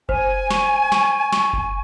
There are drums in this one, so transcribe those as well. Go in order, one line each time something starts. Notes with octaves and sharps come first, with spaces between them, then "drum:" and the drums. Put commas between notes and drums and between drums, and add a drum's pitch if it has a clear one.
C5 G#5, drum: kick F#1
C#6, drum: snare
C#6, drum: snare
C#6, drum: snare
drum: kick F#1